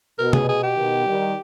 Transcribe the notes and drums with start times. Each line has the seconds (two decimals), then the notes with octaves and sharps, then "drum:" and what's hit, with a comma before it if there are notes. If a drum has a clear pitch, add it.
0.19 B2 A#4
0.33 G#4, drum: tom
0.49 G#4
0.63 G4
0.77 B2 D#3
1.06 D#3 G3